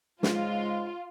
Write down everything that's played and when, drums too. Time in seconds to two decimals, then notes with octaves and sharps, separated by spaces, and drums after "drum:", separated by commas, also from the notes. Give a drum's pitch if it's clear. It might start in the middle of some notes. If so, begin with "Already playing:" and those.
0.23 G#2 C#3 G#3 F4, drum: snare